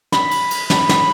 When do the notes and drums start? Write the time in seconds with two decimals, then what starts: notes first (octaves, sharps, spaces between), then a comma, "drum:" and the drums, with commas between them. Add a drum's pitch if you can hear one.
0.12 B5, drum: snare
0.31 drum: cymbal
0.51 drum: cymbal
0.70 drum: snare
0.89 drum: snare